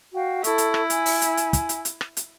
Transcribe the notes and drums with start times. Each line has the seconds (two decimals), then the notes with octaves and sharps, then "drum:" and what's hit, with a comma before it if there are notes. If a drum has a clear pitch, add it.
0.14 F#4 F5 G5
0.44 E4 A4 C#6, drum: hi-hat
0.58 drum: hi-hat
0.74 drum: rim click
0.90 G#5, drum: hi-hat
1.06 drum: open hi-hat
1.21 drum: hi-hat
1.37 drum: hi-hat
1.53 drum: kick, hi-hat
1.69 drum: hi-hat
1.85 drum: hi-hat
2.01 drum: rim click
2.17 drum: hi-hat